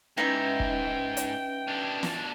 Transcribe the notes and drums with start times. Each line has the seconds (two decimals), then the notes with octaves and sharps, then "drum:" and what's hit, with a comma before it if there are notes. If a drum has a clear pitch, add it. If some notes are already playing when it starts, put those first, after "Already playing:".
0.18 G#2 C#4 D#4 E4 B4 E5 G5
0.60 drum: kick
1.17 drum: hi-hat
1.68 B2 D4
2.03 drum: snare